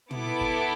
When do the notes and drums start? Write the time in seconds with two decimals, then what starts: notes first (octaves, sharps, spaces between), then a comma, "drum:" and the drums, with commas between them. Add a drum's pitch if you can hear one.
0.11 B3 E4 A4 D6, drum: tom
0.41 drum: kick G1